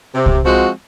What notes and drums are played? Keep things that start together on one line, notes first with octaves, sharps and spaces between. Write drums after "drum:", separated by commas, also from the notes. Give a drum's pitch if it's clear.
C3
drum: kick C2
F3 G#3 C4 F#4